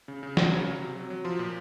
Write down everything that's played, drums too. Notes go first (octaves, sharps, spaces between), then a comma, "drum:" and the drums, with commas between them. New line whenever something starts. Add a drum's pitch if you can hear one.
C#3
C#3
F#3 C#5, drum: snare E3
C#3
F#3
C3
F#3
F#3
F3 C6
A#2